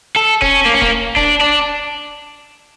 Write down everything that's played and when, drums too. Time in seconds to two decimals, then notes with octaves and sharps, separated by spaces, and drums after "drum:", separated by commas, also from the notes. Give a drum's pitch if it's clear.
0.16 A4
0.42 C#4, drum: kick E1
0.66 A#3
0.74 C#4
0.82 A#3, drum: kick E1
1.17 D4, drum: kick E1
1.41 D4